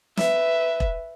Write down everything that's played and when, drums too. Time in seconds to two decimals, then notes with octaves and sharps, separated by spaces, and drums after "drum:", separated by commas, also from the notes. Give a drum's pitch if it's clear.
0.17 B4 E5, drum: snare
0.80 drum: kick E1